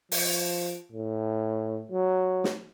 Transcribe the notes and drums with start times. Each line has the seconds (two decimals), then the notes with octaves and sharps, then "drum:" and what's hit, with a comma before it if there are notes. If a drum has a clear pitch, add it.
0.12 F3, drum: open hi-hat
0.92 A2
1.92 F#3
2.44 drum: snare